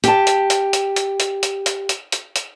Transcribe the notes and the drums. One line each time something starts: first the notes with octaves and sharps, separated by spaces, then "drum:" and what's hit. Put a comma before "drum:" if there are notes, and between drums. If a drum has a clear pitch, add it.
G4 A5, drum: hi-hat
drum: hi-hat
drum: hi-hat
drum: hi-hat
drum: hi-hat
drum: hi-hat
drum: hi-hat
drum: hi-hat
drum: hi-hat
drum: hi-hat
drum: hi-hat